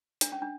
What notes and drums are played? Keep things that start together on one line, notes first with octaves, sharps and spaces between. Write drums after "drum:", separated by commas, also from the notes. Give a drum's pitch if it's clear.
D4, drum: hi-hat
C#4
D4